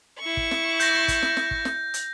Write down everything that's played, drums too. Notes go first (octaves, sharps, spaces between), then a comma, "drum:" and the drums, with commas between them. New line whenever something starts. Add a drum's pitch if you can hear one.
E4 C#6
drum: kick
drum: snare
G6 A#6, drum: hi-hat
drum: kick, hi-hat
drum: snare
drum: snare
drum: kick
drum: snare
drum: hi-hat